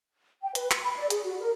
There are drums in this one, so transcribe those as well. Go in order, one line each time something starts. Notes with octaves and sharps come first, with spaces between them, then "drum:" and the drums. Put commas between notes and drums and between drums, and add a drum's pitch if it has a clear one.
G5
B4, drum: hi-hat
C6, drum: clap
B5
D5
G#4, drum: hi-hat
F#4
A#4